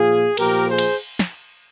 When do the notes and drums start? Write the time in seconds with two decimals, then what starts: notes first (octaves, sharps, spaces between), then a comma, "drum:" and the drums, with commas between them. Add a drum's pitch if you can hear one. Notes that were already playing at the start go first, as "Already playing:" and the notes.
Already playing: A#2 F3 F4 G#4
0.37 A#2 F3 G4 A#4, drum: cymbal
0.68 G#4 C5
0.78 drum: cymbal
1.19 drum: snare